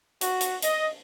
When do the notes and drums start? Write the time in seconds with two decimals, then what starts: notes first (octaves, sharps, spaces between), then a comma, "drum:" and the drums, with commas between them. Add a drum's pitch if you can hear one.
0.21 F#4, drum: hi-hat
0.41 drum: hi-hat
0.62 D#5, drum: hi-hat